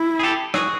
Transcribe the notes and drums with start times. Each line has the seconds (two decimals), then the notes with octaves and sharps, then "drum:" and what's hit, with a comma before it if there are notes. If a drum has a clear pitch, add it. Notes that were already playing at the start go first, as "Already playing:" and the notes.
Already playing: E4
0.19 G#4
0.23 G4 A4
0.54 F#4 G#4, drum: rim click